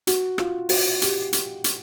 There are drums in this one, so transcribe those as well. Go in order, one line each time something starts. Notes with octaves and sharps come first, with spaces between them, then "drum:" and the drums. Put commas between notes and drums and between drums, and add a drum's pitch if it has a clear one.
F#4, drum: hi-hat
F4, drum: rim click
F#4, drum: open hi-hat
G4, drum: hi-hat
drum: hi-hat
drum: hi-hat